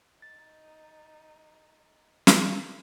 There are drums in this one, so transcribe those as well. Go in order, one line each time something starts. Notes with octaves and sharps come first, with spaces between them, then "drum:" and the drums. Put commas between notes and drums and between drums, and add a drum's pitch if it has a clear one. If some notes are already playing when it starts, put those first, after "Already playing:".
D#4 A6
drum: snare